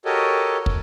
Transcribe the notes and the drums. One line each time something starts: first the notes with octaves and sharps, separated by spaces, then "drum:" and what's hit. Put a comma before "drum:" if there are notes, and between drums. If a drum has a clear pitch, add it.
F#4 G4 A4 A#4 C#5 D#5
drum: kick